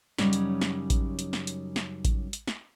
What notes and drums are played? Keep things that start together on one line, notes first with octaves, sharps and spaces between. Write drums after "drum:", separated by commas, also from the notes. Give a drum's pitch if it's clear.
F#2 C#3 F#3 G3 C#4 D#4, drum: snare
drum: hi-hat
drum: snare
drum: kick A1, hi-hat
drum: hi-hat
drum: snare
drum: hi-hat
drum: snare
drum: kick A1, hi-hat
drum: hi-hat
drum: snare